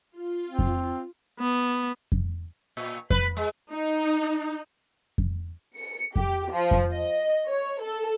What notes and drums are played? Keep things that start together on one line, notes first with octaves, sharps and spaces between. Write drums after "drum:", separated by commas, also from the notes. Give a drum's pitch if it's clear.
F4
C4
drum: kick F2
B3
drum: kick F2
A#2
B4, drum: kick F2
G#3
D#4
drum: kick F2
C#7
G4, drum: kick F2
F3
drum: kick F2
D#5
C#5
A4